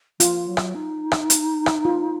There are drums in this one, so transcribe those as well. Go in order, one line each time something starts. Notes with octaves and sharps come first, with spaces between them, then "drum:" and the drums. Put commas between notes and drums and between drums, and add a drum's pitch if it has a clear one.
F3 F4, drum: hi-hat
F#3
drum: rim click
D#4
drum: rim click
drum: hi-hat
drum: rim click
F4